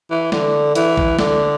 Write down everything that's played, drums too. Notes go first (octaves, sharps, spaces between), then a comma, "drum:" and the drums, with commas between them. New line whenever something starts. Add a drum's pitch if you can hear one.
E3
D3, drum: snare
E3, drum: hi-hat
drum: kick A#1
D3, drum: snare